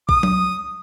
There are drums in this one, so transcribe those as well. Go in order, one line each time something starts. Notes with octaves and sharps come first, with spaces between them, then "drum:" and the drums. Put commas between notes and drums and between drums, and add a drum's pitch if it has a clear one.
D#6, drum: kick
drum: tom F#3